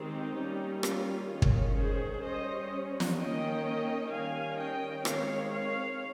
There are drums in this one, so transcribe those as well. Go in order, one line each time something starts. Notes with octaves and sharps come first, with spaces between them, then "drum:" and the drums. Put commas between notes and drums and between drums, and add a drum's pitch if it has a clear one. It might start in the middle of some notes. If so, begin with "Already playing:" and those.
Already playing: D#3 G#3 C4 D#4 G4
G3 A#3 C#4
F4, drum: rim click
D#3 G#3 C#4 F4
drum: kick
G#4 C5
G3 C#4 C5 D#5
drum: snare
D#3 A#3 C#4 D#5 G5
D#3 G3 C#4 F5 G#5
D#5 G5
D#3 G#3 C4 C#5 F5, drum: rim click
C#5 F5